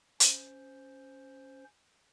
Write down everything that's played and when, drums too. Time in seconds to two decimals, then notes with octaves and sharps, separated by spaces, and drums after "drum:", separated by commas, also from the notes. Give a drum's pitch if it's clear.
0.20 C#4 C5, drum: hi-hat